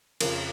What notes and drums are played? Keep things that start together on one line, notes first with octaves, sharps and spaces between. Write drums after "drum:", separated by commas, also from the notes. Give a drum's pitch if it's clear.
F2 C#3 F3 A#4, drum: cymbal